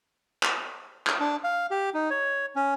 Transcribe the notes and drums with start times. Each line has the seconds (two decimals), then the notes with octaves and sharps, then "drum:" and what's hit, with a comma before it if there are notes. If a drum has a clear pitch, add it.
0.43 drum: clap
1.07 drum: clap
1.20 D4
1.44 F5
1.71 G4
1.94 D#4
2.10 C#5
2.56 C#4